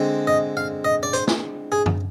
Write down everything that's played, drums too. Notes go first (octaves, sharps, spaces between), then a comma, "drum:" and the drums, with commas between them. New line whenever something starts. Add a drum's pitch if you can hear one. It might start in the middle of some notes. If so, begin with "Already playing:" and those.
Already playing: D3 G#3 C4
D#5
F5
D#5
D5
C5, drum: hi-hat
drum: snare
G#4
drum: tom F#2